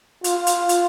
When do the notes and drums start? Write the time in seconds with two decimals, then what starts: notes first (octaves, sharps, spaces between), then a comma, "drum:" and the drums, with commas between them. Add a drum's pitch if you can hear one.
0.24 F4, drum: hi-hat
0.47 drum: hi-hat
0.69 drum: hi-hat